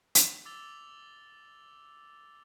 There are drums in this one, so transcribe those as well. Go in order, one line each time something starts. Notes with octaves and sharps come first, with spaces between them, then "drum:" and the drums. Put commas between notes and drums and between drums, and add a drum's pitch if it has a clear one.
drum: hi-hat
D6 E6 A6 F7 G7